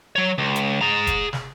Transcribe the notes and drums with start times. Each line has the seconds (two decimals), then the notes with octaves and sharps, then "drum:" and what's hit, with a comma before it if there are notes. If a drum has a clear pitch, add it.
0.16 F#3 C#5
0.38 C#2
0.56 drum: hi-hat
0.81 G#4 A#5
1.07 drum: kick F1, hi-hat
1.33 drum: snare